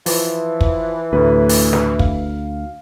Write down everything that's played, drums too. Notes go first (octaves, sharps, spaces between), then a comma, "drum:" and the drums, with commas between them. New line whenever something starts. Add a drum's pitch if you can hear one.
E3 F3, drum: open hi-hat
drum: kick
D2 A2 B4
drum: open hi-hat
drum: snare
F5, drum: kick